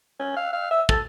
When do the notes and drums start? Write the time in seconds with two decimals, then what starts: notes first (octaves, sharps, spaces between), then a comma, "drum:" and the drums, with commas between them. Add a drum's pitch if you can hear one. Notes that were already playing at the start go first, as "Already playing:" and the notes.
0.19 C#4
0.36 F5
0.53 F5
0.71 E5
0.89 A4, drum: kick